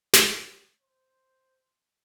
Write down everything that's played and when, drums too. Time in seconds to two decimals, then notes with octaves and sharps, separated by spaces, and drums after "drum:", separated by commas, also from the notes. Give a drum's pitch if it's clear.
0.13 C#5, drum: snare
0.81 C5